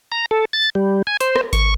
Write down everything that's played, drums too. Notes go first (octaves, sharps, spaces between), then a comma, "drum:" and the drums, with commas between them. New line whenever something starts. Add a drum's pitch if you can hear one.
A#5
A4
A6
G3
G#5
C5, drum: hi-hat
drum: rim click
C#6, drum: kick G#1, hi-hat